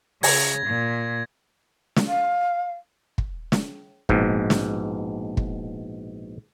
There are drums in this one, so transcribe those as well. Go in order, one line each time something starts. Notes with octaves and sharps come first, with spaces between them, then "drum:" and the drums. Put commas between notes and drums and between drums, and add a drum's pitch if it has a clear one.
C#3 G#6 A#6, drum: open hi-hat
A#2
drum: snare
F5
drum: kick
drum: snare
A#1 G#2 B2, drum: kick
drum: snare
drum: kick